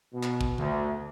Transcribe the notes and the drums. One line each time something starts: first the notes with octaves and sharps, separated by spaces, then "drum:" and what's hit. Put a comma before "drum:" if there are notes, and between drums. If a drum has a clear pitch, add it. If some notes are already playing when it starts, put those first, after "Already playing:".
B2
drum: clap
drum: kick
D2, drum: tom D3